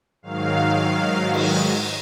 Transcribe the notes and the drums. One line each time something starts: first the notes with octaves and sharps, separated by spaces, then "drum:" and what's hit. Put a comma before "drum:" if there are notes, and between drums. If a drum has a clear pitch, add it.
G#2 D#3 F#3 F5
drum: cymbal